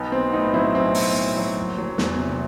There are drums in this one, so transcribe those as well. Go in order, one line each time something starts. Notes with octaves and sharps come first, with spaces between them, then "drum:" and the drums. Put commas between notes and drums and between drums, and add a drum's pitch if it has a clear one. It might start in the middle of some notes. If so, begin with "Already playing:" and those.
Already playing: B1 B3 D#4
B1 C4
A2 B3 D#4
F#3 C4 E4
B1 C4 E4
B1, drum: open hi-hat
A2
F#3
F#1
F#3
E2, drum: snare
C3